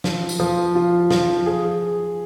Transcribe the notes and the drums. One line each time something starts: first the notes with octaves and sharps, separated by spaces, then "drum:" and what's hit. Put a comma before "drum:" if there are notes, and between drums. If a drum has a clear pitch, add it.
F3, drum: snare
drum: tambourine
F3
F4
F3, drum: snare
G#4